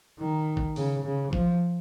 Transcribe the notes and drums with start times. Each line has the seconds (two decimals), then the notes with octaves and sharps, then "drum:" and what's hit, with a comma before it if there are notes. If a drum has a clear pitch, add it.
0.19 D#3
0.57 drum: kick A1
0.76 C#3, drum: open hi-hat
1.05 C#3
1.33 F3, drum: kick A1